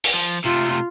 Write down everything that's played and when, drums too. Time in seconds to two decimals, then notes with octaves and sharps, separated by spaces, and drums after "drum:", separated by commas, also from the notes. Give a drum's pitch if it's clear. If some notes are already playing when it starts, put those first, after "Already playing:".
0.04 drum: open hi-hat
0.14 F3
0.44 C3 A3 F4